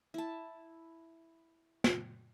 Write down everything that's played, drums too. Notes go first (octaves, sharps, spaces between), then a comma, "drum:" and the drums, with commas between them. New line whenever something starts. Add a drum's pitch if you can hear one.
E4 A5
drum: snare